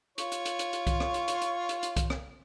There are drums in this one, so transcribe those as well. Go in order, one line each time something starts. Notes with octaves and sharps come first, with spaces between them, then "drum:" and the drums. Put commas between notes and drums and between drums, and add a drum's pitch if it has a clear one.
F4 C#5, drum: hi-hat
drum: hi-hat
drum: hi-hat
drum: hi-hat
drum: hi-hat
drum: kick C2, hi-hat
drum: rim click
drum: hi-hat
drum: hi-hat
drum: hi-hat
drum: hi-hat
drum: hi-hat
drum: kick C2, hi-hat
drum: rim click